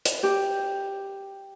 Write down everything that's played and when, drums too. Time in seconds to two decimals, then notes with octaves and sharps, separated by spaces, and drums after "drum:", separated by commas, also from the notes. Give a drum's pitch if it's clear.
0.06 drum: hi-hat
0.23 G4